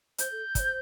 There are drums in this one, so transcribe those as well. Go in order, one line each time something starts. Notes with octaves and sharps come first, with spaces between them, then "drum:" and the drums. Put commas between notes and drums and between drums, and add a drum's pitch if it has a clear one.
C5 G6, drum: hi-hat
A4
D5, drum: kick, hi-hat
C5